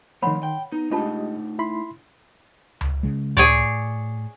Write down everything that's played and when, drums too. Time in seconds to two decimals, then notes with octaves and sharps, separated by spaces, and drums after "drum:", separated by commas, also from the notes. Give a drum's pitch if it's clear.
0.22 D#3 F3 A3 C#5 F#5 B5 C6
0.43 G5
0.72 B3 D#4
0.91 G#3 A3 D4 D#4 F4 G4 D#5 A5
1.59 E4 B5 C6
2.81 drum: tom C#2
3.03 C#3 G#3
3.37 A2 G#4 C#5 D5, drum: tom C#2